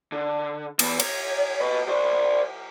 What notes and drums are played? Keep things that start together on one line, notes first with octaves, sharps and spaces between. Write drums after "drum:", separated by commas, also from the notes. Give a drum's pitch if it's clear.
D3
E2 B3, drum: cymbal
C#5, drum: cymbal
B4 D#5
C5 D5